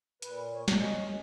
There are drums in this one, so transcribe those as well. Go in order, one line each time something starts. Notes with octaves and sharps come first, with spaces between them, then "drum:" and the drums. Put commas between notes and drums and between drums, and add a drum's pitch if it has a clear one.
A#2 B4, drum: hi-hat
C#5
G#3 C#4, drum: snare
D#5